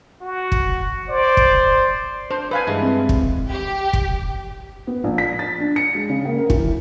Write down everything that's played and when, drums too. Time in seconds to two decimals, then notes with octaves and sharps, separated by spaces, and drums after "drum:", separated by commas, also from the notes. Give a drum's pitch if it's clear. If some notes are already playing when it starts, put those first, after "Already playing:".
0.21 F#4
0.52 drum: kick
1.09 C5 D5
1.37 drum: kick
2.31 D4 C5
2.51 B4 F5 G#5
2.67 G2 E3 G#3 A5
2.82 C4
3.09 D2, drum: kick
3.50 G4
3.93 drum: kick
4.87 B3
5.04 A#1
5.18 B6
5.39 A6
5.60 D4
5.76 C#7
5.95 G#3
6.09 C#3
6.25 A#3
6.38 A#4
6.50 E3, drum: kick